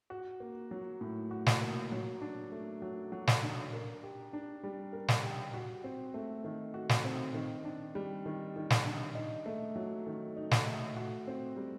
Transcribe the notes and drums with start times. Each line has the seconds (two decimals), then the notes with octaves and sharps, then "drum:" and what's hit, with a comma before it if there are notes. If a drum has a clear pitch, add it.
0.10 F#4
0.40 A#3
0.71 F#3
1.01 A2
1.31 F#4
1.46 drum: snare
1.61 A#3
1.92 F#3
2.21 D4
2.52 A3
2.82 F#3
3.12 F#3
3.27 drum: snare
3.43 D4
3.73 A#4
4.03 G4
4.33 D4
4.64 G3
4.93 A#4
5.08 drum: snare
5.24 G4
5.54 F#4
5.84 C4
6.14 A3
6.44 D#3
6.74 F#4
6.89 drum: snare
7.05 C4
7.34 D#3
7.65 D4
7.95 G3
8.26 D#3
8.56 D#3
8.70 drum: snare
8.86 D4
9.15 D#4
9.46 A3
9.76 F#3
10.06 D#3
10.36 D#4
10.51 drum: snare
10.67 A3
10.97 F#4
11.27 C4
11.57 G3